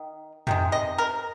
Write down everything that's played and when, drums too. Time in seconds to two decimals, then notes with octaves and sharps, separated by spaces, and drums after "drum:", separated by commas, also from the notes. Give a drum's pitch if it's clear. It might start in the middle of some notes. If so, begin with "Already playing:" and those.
Already playing: D#3
0.47 C3 D#3 G#3, drum: tom
0.72 D#5
0.98 A#4